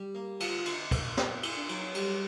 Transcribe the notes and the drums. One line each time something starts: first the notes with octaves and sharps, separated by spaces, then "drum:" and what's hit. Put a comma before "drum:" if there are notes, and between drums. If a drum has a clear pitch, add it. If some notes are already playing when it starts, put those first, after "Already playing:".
Already playing: G3
A#3
D2 F4, drum: cymbal
D3, drum: cymbal
A#3, drum: kick, cymbal
A#2, drum: snare
A#2 E4, drum: cymbal
D4
F#3 D#4, drum: cymbal
D#4
G3, drum: cymbal